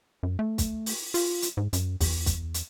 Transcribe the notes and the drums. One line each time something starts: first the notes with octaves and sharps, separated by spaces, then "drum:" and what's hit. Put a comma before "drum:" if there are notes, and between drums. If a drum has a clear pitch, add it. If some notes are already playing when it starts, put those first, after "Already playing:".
F#2
A3
drum: kick, hi-hat
drum: open hi-hat
F4, drum: open hi-hat
drum: hi-hat
G#2
F#2, drum: hi-hat
E2, drum: kick, open hi-hat
drum: kick, hi-hat
drum: hi-hat